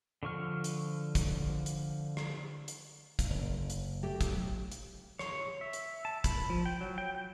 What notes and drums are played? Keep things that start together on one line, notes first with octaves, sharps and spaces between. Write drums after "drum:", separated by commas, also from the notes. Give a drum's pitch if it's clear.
D3 F3 C#6 F6
drum: hi-hat
drum: kick, hi-hat
drum: hi-hat
drum: rim click
drum: hi-hat
drum: kick, hi-hat
F#1
drum: hi-hat
F#3 A3 G4
drum: kick, hi-hat
drum: hi-hat
C#5, drum: rim click
E5
drum: hi-hat
A5
B5, drum: kick, hi-hat
F3
G5
F#3
G5
G6